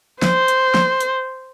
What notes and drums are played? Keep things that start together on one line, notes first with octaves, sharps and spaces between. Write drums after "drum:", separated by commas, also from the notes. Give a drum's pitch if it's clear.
C5, drum: snare
drum: hi-hat
drum: snare
drum: hi-hat